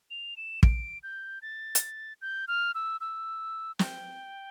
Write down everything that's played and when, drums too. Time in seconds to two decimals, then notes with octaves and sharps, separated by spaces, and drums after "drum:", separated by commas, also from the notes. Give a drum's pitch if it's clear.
0.11 F7
0.37 E7
0.63 D7, drum: kick
1.03 G6
1.42 A6
1.75 drum: hi-hat
2.22 G6
2.48 F6
2.75 E6
3.01 E6
3.79 G5, drum: snare